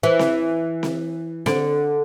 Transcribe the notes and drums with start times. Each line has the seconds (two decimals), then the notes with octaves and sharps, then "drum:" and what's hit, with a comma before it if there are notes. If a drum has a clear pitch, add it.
0.03 E3
0.19 drum: snare C4
0.83 drum: snare C4
1.46 D3, drum: snare C4